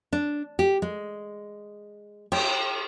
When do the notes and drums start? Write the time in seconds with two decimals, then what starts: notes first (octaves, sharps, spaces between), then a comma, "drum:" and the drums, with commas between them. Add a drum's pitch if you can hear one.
0.12 D4
0.59 G4
0.82 G#3
2.32 G5, drum: cymbal